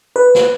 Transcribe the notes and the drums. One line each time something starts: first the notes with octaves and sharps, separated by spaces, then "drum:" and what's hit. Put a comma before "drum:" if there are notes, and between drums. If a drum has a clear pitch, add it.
B4
drum: snare